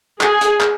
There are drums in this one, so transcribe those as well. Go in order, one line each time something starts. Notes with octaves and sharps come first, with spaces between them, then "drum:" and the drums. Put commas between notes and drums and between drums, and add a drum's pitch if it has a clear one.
G#4, drum: clap
drum: hi-hat
drum: clap